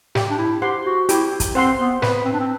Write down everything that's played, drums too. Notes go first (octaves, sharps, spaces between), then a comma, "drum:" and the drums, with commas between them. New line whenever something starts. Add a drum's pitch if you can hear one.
G4, drum: snare
D4
E4
G4 C5 F#5 C6
F#4
E4 G4, drum: hi-hat
drum: kick, hi-hat
C4 C5 F#5 C6
B3
B4, drum: snare
C4
D4
C4